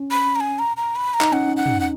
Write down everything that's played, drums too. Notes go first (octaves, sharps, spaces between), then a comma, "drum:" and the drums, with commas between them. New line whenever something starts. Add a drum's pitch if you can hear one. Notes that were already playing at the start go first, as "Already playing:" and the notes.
Already playing: C#4
B5
A#5
G#5
A#5
A#5
B5
A#5
D#4, drum: clap
C#4 F#5
F#5
drum: tom
F#5